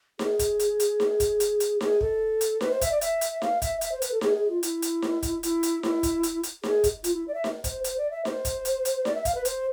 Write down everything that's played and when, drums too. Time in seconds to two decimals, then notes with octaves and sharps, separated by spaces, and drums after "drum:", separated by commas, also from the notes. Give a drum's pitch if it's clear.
0.19 G#4, drum: snare D#4
0.39 drum: kick, hi-hat
0.59 drum: hi-hat
0.80 drum: hi-hat
1.00 drum: snare D#4
1.20 drum: kick, hi-hat
1.40 drum: hi-hat
1.60 drum: hi-hat
1.81 G#4, drum: snare D#4
2.01 A4, drum: kick
2.41 drum: hi-hat
2.61 B4, drum: snare D#4
2.71 C5
2.81 E5, drum: kick, hi-hat
2.91 D5
3.01 E5, drum: hi-hat
3.21 drum: hi-hat
3.42 F5, drum: snare D#4
3.62 E5, drum: kick, hi-hat
3.81 E5, drum: hi-hat
3.92 C5
4.02 B4, drum: hi-hat
4.12 A4
4.21 G#4, drum: snare D#4
4.35 G#4
4.49 F4
4.63 E4, drum: hi-hat
4.82 drum: hi-hat
5.02 drum: snare D#4
5.23 drum: kick, hi-hat
5.43 E4, drum: hi-hat
5.63 drum: hi-hat
5.83 E4, drum: snare D#4
6.03 drum: kick, hi-hat
6.23 drum: hi-hat
6.43 drum: hi-hat
6.63 G#4, drum: snare D#4
6.84 drum: kick, hi-hat
7.04 F4, drum: hi-hat
7.14 E4
7.28 D5
7.34 E5
7.44 drum: snare D#4
7.64 C5, drum: kick, hi-hat
7.84 C5, drum: hi-hat
7.97 D5
8.11 E5
8.25 C5, drum: snare D#4
8.45 drum: kick, hi-hat
8.65 drum: hi-hat
8.85 drum: hi-hat
9.05 D5, drum: snare D#4
9.15 E5
9.25 F5, drum: kick, hi-hat
9.35 B4
9.45 C5, drum: hi-hat